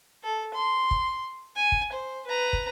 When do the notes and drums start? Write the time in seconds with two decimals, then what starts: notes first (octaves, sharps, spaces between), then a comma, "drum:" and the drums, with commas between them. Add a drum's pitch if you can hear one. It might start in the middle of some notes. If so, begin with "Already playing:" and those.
0.23 A4
0.54 C6
0.91 drum: kick
1.56 G#5
1.72 drum: kick
1.92 C5
2.27 B4 A#5
2.53 drum: kick